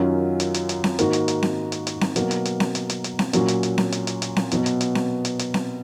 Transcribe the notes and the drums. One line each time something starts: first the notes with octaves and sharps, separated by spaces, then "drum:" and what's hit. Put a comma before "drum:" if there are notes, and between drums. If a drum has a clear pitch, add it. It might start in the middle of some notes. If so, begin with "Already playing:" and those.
Already playing: F#2 D#3 F#3 C#4 F4
drum: hi-hat
drum: hi-hat
drum: hi-hat
drum: snare C4
G#2 D#3 A#3 D#4 F#4, drum: hi-hat
drum: hi-hat
drum: hi-hat
drum: snare C4
drum: hi-hat
drum: hi-hat
drum: snare C4
B2 F#3 A#3, drum: hi-hat
drum: hi-hat
drum: hi-hat
drum: snare C4
drum: hi-hat
drum: hi-hat
drum: hi-hat
drum: snare C4
A#2 F#3 C#4 F#4, drum: hi-hat
drum: hi-hat
drum: hi-hat
drum: snare C4
drum: hi-hat
drum: hi-hat
drum: hi-hat
drum: snare C4
B2 F#3 B3, drum: hi-hat
drum: hi-hat
drum: hi-hat
drum: snare C4
drum: hi-hat
drum: hi-hat
drum: snare C4